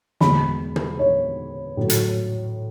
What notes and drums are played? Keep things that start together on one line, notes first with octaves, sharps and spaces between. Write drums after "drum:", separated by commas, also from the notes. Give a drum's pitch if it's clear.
E2 B2 G#3 B5, drum: snare
drum: tom
C#5
A2 F#3
drum: hi-hat